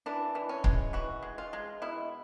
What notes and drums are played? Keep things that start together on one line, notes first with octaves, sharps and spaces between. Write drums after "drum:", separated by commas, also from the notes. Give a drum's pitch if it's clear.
E3 D4
E3
C#4
G#3, drum: kick C#1
E3 F#4
G#3
F4
G#3
B2 E4